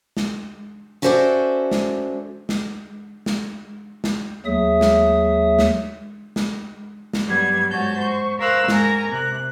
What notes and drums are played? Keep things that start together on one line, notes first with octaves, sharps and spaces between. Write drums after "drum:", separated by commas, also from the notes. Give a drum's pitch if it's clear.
drum: snare
C#4 F#4 A4 C5 D5 E5
drum: snare
drum: snare
drum: snare
drum: snare
D#2 F#3 A3 G#4 E5 D#6
drum: snare
drum: snare
drum: snare
drum: snare
G2 F#3 G3 B3 G#6
G#2 F#4 C#5 A5 G6
C5 C#6
A#4 C5 F5 C#6 E6 F#6
G#2 A#4 G#5 A#5 A#6, drum: snare
C3 F#6